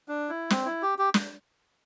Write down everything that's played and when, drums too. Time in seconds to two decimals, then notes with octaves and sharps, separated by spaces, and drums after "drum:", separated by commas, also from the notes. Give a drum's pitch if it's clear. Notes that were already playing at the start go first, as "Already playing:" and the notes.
0.08 D4
0.29 E4
0.50 C4, drum: snare
0.66 E4
0.82 G4
0.98 G4
1.14 drum: snare